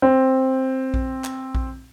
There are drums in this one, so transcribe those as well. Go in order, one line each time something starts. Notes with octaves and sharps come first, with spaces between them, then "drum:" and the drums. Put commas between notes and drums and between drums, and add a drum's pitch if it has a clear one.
C4
drum: kick A#1
drum: clap
drum: kick A#1